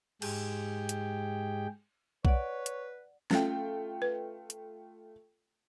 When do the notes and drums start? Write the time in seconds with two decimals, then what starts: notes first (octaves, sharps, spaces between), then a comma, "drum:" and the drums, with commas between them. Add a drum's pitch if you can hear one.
0.22 G#2 G#3 G4 G#4 G5, drum: cymbal
0.89 drum: hi-hat
2.25 B4 C#5 D5 F#5, drum: kick B1
2.66 drum: hi-hat
3.31 A3 C#4 F4 G5, drum: snare
4.02 B4
4.50 drum: hi-hat